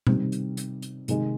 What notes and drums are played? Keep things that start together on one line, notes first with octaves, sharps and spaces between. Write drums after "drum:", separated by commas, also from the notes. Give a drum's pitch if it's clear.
C3 D#3 G3 C4, drum: tom B2
drum: hi-hat
drum: hi-hat
drum: hi-hat
C3 D#3 G#3 D#4, drum: hi-hat